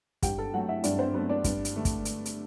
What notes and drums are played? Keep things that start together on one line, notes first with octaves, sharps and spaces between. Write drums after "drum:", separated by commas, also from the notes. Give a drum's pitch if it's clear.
G2 G4 G5, drum: kick, hi-hat
A4 A5
F#3 A3 F#4 F#5
E4 E5
G2 D4 D5, drum: hi-hat
C4 C5
F#3 A3 B3 B4
D4 D5
G2, drum: kick, hi-hat
drum: hi-hat
D3 A3
drum: kick, hi-hat
drum: hi-hat
drum: hi-hat